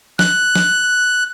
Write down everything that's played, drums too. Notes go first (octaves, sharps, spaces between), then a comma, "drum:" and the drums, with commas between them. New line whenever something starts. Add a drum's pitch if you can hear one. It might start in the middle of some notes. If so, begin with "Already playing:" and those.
F#6, drum: snare
drum: snare